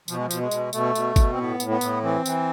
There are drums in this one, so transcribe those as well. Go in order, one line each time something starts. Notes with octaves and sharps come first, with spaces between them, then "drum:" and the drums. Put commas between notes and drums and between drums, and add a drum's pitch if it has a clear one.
B2 F3, drum: tambourine
G#3
F3
B2, drum: tambourine
G#3
B2, drum: tambourine
B2 A3, drum: tambourine
B2, drum: tambourine
B2, drum: kick, tambourine
C4
A2 B3
A2, drum: tambourine
B3
A2, drum: tambourine
E3 C4
E3, drum: tambourine